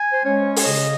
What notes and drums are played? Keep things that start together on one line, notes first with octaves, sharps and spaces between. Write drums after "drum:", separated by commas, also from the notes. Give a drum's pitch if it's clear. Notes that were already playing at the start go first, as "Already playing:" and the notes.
Already playing: G#5
C5
G#3 C#4 C#5
C#5, drum: open hi-hat
C#3 D#5